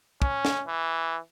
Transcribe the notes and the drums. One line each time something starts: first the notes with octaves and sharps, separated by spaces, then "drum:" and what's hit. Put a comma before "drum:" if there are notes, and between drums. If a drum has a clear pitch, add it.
C#4, drum: kick
drum: snare
E3